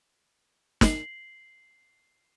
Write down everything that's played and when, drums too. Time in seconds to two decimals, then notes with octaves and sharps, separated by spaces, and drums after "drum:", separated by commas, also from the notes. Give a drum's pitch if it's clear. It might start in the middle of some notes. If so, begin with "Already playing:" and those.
0.81 C7 F#7, drum: snare